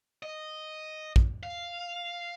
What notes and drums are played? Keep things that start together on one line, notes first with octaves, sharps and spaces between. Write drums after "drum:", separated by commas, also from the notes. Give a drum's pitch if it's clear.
D#5
drum: kick
F5